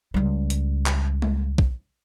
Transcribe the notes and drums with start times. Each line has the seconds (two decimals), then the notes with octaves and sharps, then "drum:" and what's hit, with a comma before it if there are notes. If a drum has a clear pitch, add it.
0.14 C#2 G3
0.50 drum: hi-hat
0.86 drum: clap
1.22 drum: tom G#3
1.58 drum: kick